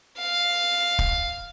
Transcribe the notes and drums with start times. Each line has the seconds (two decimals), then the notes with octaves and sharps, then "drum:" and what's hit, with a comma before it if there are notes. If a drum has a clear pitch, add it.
0.19 F5
0.99 drum: kick